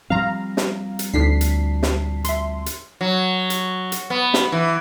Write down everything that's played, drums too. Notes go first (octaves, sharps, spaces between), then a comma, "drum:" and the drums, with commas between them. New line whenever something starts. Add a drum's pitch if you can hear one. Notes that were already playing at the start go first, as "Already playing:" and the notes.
F3 G3 C4 F5 A#5
drum: snare
drum: hi-hat
D2 A2 D4 B6 C7
drum: hi-hat
drum: snare
E5 C6, drum: hi-hat
drum: hi-hat
F#3
drum: hi-hat
drum: hi-hat
B3
drum: snare
E3